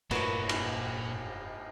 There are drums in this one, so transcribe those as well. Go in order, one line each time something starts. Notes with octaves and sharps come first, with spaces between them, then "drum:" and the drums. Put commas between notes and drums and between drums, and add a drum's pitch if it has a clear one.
F1 G2 A#2 F#3 A3 F#4 A#4 B4, drum: cymbal
drum: cymbal